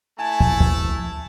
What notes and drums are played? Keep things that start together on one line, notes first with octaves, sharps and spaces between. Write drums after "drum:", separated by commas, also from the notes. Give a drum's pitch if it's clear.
A3 E4 G#5 A5
drum: kick
drum: kick